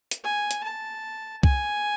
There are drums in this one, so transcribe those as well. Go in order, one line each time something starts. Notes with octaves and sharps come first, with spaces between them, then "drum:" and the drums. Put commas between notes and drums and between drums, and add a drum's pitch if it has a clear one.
drum: hi-hat
G#5
drum: hi-hat
A5
G#5, drum: kick C2